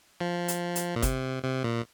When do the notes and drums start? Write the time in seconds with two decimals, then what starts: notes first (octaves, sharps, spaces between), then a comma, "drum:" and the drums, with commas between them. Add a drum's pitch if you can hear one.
0.20 F3
0.48 drum: hi-hat
0.76 drum: hi-hat
0.96 A#2
1.02 C3, drum: kick F#1, hi-hat
1.44 C3
1.64 A#2